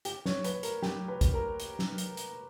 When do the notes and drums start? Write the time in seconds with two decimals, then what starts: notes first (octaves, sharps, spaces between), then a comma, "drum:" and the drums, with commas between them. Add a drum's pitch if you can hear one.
0.05 G4, drum: hi-hat
0.26 C#5, drum: snare
0.44 B4, drum: hi-hat
0.63 A#4, drum: hi-hat
0.82 G4, drum: snare
1.08 B4
1.21 drum: kick A1, hi-hat
1.34 A#4
1.60 drum: hi-hat
1.79 drum: snare
1.98 drum: hi-hat
2.17 drum: hi-hat